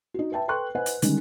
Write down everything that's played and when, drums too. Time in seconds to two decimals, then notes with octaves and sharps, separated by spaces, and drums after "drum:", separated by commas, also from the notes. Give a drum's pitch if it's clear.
0.14 D#4 F#4
0.32 B4 E5 G5 A5
0.48 A4 B4 G5 C6 C#6 F#6
0.75 B4 C5 D#5 F#5 G#5
0.86 drum: hi-hat
1.02 D3 D#3 G3 G#3 C#4, drum: hi-hat